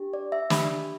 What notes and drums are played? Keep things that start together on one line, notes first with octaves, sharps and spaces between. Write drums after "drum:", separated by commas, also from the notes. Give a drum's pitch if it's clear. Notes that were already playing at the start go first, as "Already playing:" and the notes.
Already playing: D4 G4
D5
E5
D4 G4 B5, drum: snare